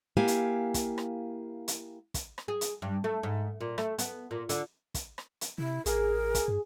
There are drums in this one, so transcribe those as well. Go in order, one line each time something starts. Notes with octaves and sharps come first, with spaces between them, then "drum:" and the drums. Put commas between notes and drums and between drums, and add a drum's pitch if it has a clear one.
A#3 E4 G4 F5 G#5
drum: hi-hat
drum: kick, hi-hat
drum: rim click
drum: hi-hat
drum: kick, hi-hat
drum: rim click
G#4
drum: hi-hat
G2
A3
G#2
A#2
A3, drum: rim click
B3, drum: hi-hat
A#2
D3, drum: hi-hat
drum: kick, hi-hat
drum: rim click
drum: hi-hat
C3 E4
A1 G#4 A#4, drum: hi-hat
drum: kick, hi-hat
G2